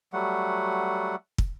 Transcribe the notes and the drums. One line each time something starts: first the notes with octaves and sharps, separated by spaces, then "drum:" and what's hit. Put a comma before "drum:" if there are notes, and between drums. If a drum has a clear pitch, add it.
F#3 G3 A3 F#5
drum: kick